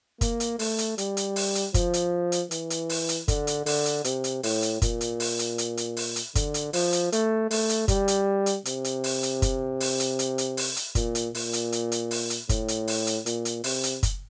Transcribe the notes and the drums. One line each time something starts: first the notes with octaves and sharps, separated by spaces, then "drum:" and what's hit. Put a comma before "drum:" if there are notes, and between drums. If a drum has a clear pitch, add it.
A#3, drum: kick, hi-hat
drum: hi-hat
A3, drum: open hi-hat
drum: hi-hat
G3, drum: hi-hat
drum: hi-hat
drum: open hi-hat
drum: hi-hat
F3, drum: kick, hi-hat
drum: hi-hat
drum: hi-hat
E3, drum: hi-hat
drum: hi-hat
drum: open hi-hat
drum: hi-hat
D3, drum: kick, hi-hat
drum: hi-hat
D3, drum: open hi-hat
drum: hi-hat
C3, drum: hi-hat
drum: hi-hat
A2, drum: open hi-hat
drum: hi-hat
A#2, drum: kick, hi-hat
drum: hi-hat
drum: open hi-hat
drum: hi-hat
drum: hi-hat
drum: hi-hat
drum: open hi-hat
drum: hi-hat
D3, drum: kick, hi-hat
drum: hi-hat
F3, drum: open hi-hat
drum: hi-hat
A3, drum: hi-hat
A3, drum: open hi-hat
drum: hi-hat
G3, drum: kick, hi-hat
drum: hi-hat
drum: hi-hat
C3, drum: hi-hat
drum: hi-hat
drum: open hi-hat
drum: hi-hat
drum: kick, hi-hat
drum: open hi-hat
drum: hi-hat
drum: hi-hat
drum: hi-hat
drum: open hi-hat
drum: hi-hat
A#2, drum: kick, hi-hat
drum: hi-hat
A#2, drum: open hi-hat
drum: hi-hat
drum: hi-hat
drum: hi-hat
drum: open hi-hat
drum: hi-hat
A2, drum: kick, hi-hat
drum: hi-hat
drum: open hi-hat
drum: hi-hat
A#2, drum: hi-hat
drum: hi-hat
C3, drum: open hi-hat
drum: hi-hat
drum: kick, hi-hat